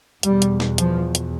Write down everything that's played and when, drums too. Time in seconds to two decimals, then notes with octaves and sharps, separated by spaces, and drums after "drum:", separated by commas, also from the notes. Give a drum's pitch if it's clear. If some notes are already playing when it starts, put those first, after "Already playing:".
0.23 E2 B2 G3, drum: hi-hat
0.42 drum: hi-hat
0.60 drum: snare
0.78 F3, drum: hi-hat
1.15 drum: hi-hat